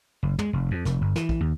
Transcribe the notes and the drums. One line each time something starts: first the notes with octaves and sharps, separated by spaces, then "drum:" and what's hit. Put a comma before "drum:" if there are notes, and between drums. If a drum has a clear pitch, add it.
F#1
G#3, drum: tom
F1
F2
F1, drum: snare
G1
E3, drum: snare
drum: kick
D#2